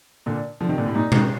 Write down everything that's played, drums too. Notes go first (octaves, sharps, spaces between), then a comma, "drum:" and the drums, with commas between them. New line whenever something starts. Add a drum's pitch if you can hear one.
A#2 D3
D3 F3
C3 D#3
A#2 D3
A2 C3
G2 A#2 D#4
C3 D#3, drum: tom B2